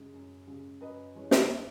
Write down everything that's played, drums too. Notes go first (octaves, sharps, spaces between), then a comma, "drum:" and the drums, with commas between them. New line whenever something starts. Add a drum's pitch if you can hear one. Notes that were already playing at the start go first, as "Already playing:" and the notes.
Already playing: F#2 C#3 G#3
F#2
C#3 G#3
F#2 B4 D#5
E3 G#3 C#4
drum: snare